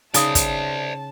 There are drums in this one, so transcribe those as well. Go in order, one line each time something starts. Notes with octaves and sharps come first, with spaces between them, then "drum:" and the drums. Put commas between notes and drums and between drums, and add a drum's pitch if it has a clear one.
C#3 D#4 C5 D5 A5 D#6, drum: hi-hat
drum: kick, hi-hat